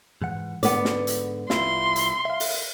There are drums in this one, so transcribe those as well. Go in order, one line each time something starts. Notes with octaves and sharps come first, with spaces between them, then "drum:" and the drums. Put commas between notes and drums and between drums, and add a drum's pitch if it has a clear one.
G#2 E3 F#5
G#2 D3 B3 D5, drum: hi-hat
drum: snare
drum: hi-hat
C2 E4 F4 C6, drum: snare
drum: hi-hat
E5 F5
drum: open hi-hat